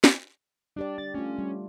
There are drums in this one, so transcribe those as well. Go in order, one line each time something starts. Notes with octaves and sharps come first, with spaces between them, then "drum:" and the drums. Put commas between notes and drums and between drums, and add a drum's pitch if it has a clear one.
drum: snare
G3 D4 G4 D5
D4 A6
A3 C#4 F4
G3